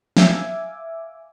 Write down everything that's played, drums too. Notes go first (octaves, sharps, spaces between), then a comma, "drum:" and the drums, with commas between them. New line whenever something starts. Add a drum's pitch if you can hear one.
E5 F5 G#5 D6, drum: snare